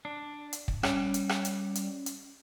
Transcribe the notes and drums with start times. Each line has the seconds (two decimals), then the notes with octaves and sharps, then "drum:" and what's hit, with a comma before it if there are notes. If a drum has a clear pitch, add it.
0.05 D4
0.53 drum: hi-hat
0.68 drum: kick
0.83 G3 C#4, drum: rim click
1.14 drum: hi-hat
1.29 drum: rim click
1.45 drum: hi-hat
1.75 drum: hi-hat
2.06 drum: hi-hat